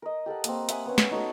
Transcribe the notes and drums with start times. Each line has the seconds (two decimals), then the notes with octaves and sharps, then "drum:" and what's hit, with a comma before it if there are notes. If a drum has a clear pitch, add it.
0.02 A#4 D#5
0.26 G4 A4 A#4 F#5
0.44 A#3 C4, drum: hi-hat
0.69 E5 F#5 G#5 D#6, drum: hi-hat
0.86 B3 C#4
0.98 drum: snare
1.11 D#4 F#4 A4 C#5